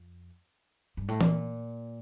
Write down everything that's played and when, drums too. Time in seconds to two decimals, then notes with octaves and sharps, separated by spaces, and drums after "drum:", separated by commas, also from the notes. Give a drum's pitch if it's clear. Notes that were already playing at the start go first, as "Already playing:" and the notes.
Already playing: F2
0.97 G2
1.08 A2
1.21 A#2, drum: tom E3